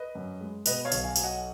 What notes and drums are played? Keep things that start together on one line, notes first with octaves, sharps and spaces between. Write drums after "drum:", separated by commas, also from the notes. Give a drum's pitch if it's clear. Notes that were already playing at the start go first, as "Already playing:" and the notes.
Already playing: B4 D#5
F#2
G#3
B2 B4 D#5, drum: tambourine
C#5 F5
B1, drum: tambourine
F5 G#5
F#3 G#5, drum: tambourine
D#5 F#5